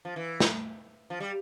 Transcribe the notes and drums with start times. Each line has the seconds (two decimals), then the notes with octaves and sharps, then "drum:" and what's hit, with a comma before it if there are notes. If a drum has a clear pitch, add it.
0.05 F3
0.16 E3
0.40 drum: snare
1.10 F3
1.20 G3